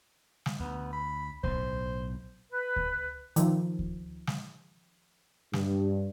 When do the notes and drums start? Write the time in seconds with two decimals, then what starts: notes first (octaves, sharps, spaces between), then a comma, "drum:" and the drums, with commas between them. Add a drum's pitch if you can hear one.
0.46 drum: snare
0.60 D2 B3
0.93 B5
1.44 B1 A2 C5, drum: kick D2
2.50 B4
2.76 drum: kick D2
3.36 D#3 F3, drum: hi-hat
3.79 drum: kick D2
4.27 drum: snare
5.53 G2, drum: snare